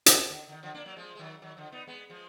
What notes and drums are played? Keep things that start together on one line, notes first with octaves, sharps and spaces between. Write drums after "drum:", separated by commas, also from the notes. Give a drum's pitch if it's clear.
D3, drum: hi-hat
D3
D3
D#3
D3 F3
A#3 D4
F#3 A#3
F3 G#3
G#3
D#3 F#3
D#3 F#3
D3 F3
B3 D#4
G#3 B3
F3 G#3